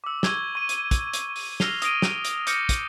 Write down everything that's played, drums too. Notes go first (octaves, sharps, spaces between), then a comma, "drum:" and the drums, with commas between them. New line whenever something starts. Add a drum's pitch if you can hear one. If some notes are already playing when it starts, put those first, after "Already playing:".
D6 E6
C#6 E6 G#6 G7, drum: snare
C#6 D#7
drum: hi-hat
drum: kick, hi-hat
drum: hi-hat
drum: open hi-hat
E6 F6 A#6 C7 F7 G7, drum: snare
D#6 A#6 D7 D#7, drum: hi-hat
drum: snare
drum: hi-hat
D6 F6 G6 A#6 C#7, drum: hi-hat
drum: kick, hi-hat